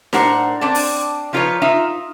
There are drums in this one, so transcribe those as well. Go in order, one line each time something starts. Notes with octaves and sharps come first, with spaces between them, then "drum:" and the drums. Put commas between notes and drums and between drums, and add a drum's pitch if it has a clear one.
A2 D4 A#4 C5 F#5, drum: snare D#4
C4 D4 D5 A5
drum: open hi-hat
F3 D#4 F4 A#4 B4 C#5
D#4 F4 E5